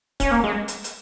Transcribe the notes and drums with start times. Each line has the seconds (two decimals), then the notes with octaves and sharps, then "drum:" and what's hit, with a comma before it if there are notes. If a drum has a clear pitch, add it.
0.20 C#4, drum: kick C#1, hi-hat
0.31 A#3
0.44 G#3
0.68 drum: hi-hat
0.84 drum: hi-hat